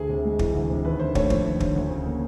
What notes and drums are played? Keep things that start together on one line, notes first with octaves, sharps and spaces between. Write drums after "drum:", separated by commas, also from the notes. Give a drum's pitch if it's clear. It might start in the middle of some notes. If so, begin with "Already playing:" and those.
Already playing: D2 G#4
C3
G#3
E3, drum: kick
D2
C3
D#2 B4
D3 C5
A3 C#5, drum: kick
F3 C5, drum: kick
D#2
D3, drum: kick
D2
C#3
A#3